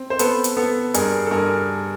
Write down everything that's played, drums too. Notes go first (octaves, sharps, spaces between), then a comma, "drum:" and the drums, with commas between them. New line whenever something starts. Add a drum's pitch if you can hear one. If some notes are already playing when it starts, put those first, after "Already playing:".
Already playing: C4
C5
B3 A4 B4, drum: hi-hat
drum: hi-hat
B3 A4
G2 G#4 A#4, drum: hi-hat
A4
G2 G#4 A#4